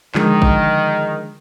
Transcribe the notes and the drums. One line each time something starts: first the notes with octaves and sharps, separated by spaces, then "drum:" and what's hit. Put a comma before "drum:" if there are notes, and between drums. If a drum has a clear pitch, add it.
D3 D#3 F3 G#3, drum: clap
drum: kick A1